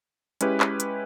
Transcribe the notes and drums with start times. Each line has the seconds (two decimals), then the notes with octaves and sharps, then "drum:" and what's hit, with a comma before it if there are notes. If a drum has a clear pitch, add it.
0.41 G#3 C#4 E4 G4 B4, drum: hi-hat
0.60 drum: clap
0.80 drum: hi-hat